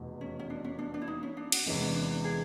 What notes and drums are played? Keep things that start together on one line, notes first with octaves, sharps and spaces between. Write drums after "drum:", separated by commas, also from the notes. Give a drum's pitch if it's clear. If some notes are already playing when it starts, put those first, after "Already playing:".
Already playing: F1 E2 B2
C#4
C#4
D4
C#4
D4
D4
E4
D#4
C#4
D4
F#4, drum: cymbal
E2 C3 E3 G#3 C#4
D4
D4
D4
G#4